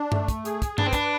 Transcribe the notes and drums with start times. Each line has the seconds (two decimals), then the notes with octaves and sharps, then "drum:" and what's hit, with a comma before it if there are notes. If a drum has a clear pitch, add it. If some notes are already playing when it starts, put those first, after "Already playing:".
Already playing: D4
0.12 A3, drum: tom G2
0.28 drum: kick, hi-hat
0.45 G#4, drum: hi-hat
0.62 drum: kick, hi-hat
0.78 D4 B4, drum: tom G2
0.86 C4
0.93 D4, drum: kick, hi-hat